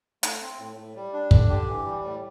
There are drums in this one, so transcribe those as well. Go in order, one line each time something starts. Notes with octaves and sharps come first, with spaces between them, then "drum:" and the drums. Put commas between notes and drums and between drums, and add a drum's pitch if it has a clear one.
A3, drum: hi-hat
C4
A2
A2
G3
D4
D3, drum: kick
G4
E3
G3
A2